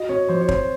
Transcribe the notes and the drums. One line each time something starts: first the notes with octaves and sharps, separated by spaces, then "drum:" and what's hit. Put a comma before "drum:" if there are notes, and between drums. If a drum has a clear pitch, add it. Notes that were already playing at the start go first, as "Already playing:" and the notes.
Already playing: F#4 D#5
C4 C#5
F3 C5
C#5
C4 C5, drum: kick